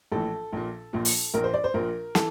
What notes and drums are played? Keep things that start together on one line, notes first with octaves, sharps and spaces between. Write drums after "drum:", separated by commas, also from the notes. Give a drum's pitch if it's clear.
A#1 A2 E3 A4
A#1 A#2
A#1 A#2
drum: open hi-hat
A#1 A#2 A#4
C5
D5
C5
A#1 A#2 A#4
E3 A4, drum: snare